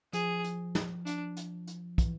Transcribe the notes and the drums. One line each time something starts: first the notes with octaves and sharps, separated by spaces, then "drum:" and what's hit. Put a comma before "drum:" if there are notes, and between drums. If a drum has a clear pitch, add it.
F3 G#4, drum: hi-hat
drum: hi-hat
drum: snare
D4, drum: hi-hat
drum: hi-hat
drum: hi-hat
E3, drum: kick, hi-hat